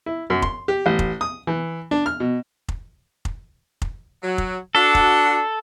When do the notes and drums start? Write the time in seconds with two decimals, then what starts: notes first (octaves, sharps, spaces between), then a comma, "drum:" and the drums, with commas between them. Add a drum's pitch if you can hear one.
0.06 E4
0.30 F#2
0.42 C6, drum: kick F1
0.68 G4
0.86 A1
0.99 drum: kick F1
1.21 D#6
1.47 E3
1.91 D4
2.06 F6
2.20 B2
2.68 drum: kick F1
3.25 drum: kick F1
3.82 drum: kick F1
4.24 F#3
4.38 drum: kick F1
4.75 D4 F#4 A4
4.95 drum: kick F1